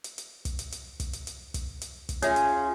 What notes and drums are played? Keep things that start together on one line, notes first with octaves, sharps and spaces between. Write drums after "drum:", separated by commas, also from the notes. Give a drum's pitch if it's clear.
drum: hi-hat
drum: hi-hat
drum: kick, hi-hat
drum: hi-hat
drum: hi-hat
drum: kick, hi-hat
drum: hi-hat
drum: hi-hat
drum: kick, hi-hat
drum: hi-hat
drum: kick, hi-hat
C#4 F4 G#4 C#5 E5, drum: hi-hat
drum: hi-hat